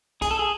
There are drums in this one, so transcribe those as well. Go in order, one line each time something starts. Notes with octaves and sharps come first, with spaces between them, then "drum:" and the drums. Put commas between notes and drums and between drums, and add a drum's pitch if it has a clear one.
G#4, drum: kick B1, hi-hat
A4
G#4